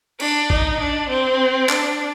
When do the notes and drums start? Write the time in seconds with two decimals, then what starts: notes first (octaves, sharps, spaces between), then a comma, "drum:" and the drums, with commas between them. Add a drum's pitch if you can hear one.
0.20 D4, drum: cymbal
0.50 D#4, drum: kick A1
0.80 D4
1.10 C4
1.69 D4, drum: clap